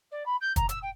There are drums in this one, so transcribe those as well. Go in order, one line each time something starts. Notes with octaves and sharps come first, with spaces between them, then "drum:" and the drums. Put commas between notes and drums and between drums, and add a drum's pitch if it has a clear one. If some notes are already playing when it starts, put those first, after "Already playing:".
D5
B5
G6
A#5, drum: kick, hi-hat
E6, drum: hi-hat
G5